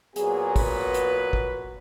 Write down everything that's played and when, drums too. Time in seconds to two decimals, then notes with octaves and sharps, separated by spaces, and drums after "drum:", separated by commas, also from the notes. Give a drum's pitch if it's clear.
0.16 A#2 F#3 B3 G#4, drum: hi-hat
0.56 B4, drum: kick, open hi-hat
0.94 drum: hi-hat
1.33 drum: kick